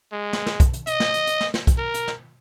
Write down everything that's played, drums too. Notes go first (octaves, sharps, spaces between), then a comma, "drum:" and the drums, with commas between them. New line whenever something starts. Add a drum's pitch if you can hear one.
G#3
drum: snare
drum: snare
drum: kick, hi-hat
drum: hi-hat
D#5, drum: hi-hat
drum: snare
drum: hi-hat
drum: hi-hat
drum: snare
drum: snare
drum: kick, hi-hat
A#4
drum: hi-hat
drum: snare